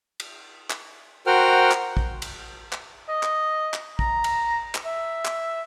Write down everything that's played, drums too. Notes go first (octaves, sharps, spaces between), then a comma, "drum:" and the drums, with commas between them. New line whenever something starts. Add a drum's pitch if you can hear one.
drum: cymbal
drum: clap
F#4 A#4 C5 F#5 G5 F6
drum: clap
drum: kick
drum: cymbal
drum: clap
D#5
drum: clap
drum: clap
A#5, drum: kick
drum: cymbal
drum: clap
E5
drum: clap